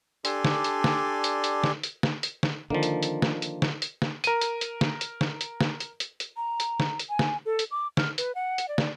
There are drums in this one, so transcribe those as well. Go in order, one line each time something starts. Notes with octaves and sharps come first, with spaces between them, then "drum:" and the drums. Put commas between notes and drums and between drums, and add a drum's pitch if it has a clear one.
D4 G4 A4 D5 G#5 C6, drum: hi-hat
drum: snare
drum: hi-hat
drum: snare
drum: hi-hat
drum: hi-hat
drum: snare
drum: hi-hat
drum: snare
drum: hi-hat
drum: snare
D3 D#3 F3 A#3
drum: hi-hat
drum: hi-hat
drum: snare
drum: hi-hat
drum: snare
drum: hi-hat
drum: snare
A#4 D#7, drum: hi-hat
drum: hi-hat
drum: hi-hat
drum: snare
drum: hi-hat
drum: snare
drum: hi-hat
drum: snare
drum: hi-hat
drum: hi-hat
drum: hi-hat
A#5
drum: hi-hat
drum: snare
drum: hi-hat
G#5
drum: snare
A4
drum: hi-hat
D6
F6, drum: snare
B4, drum: hi-hat
F#5
drum: hi-hat
D5
drum: snare